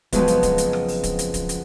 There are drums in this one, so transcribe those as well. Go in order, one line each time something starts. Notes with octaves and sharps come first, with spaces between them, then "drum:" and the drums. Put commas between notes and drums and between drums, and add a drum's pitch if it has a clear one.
F2 C#3 F3 F#3 G#3 B3, drum: kick D1, hi-hat
drum: hi-hat
drum: kick D1, hi-hat
drum: hi-hat
drum: rim click
drum: open hi-hat
drum: kick D1, hi-hat
drum: hi-hat
drum: kick D1, hi-hat
drum: hi-hat